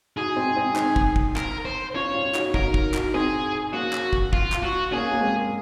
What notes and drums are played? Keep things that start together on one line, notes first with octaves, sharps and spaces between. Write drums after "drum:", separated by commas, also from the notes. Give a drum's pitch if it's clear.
D#4 F#4 G#4
C4 D#4
C4 D#4
C4 D#4, drum: clap
drum: kick
drum: kick
A#4, drum: clap
C5
C#4 F4 C#5
C#4 F4
D#4 F#4, drum: clap
D#4 F#4 A#4, drum: kick
drum: kick
D#4 F#4, drum: clap
C4 D#4 G#4
A#3 C#4 F#4
drum: clap
drum: kick
F4, drum: kick
drum: clap
F#4
A#3 C#4 G#4
A#3
G#3 C4